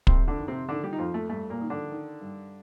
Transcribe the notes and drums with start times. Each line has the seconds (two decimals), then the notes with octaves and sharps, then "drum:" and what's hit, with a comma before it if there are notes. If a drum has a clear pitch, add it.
0.07 F2 C3 C4, drum: kick
0.28 D3 D4
0.38 D#3
0.48 C3 C4
0.69 D3 D#3 D4
0.84 G3 G4
0.93 D#4
0.98 F2 F3 F4
1.14 A3
1.29 G2 A3
1.50 A#2 A#3
1.60 D#3
1.70 D3 D4
1.91 D#3
2.21 G2